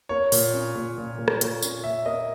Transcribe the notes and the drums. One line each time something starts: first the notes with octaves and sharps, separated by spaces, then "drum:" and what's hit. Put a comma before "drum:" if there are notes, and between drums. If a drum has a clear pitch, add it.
A#3 C#5
A#2, drum: open hi-hat
C#4
A#2
A#2
A#2
drum: rim click
A#2, drum: hi-hat
C#4, drum: tambourine
A#2 E5
A#3 D#5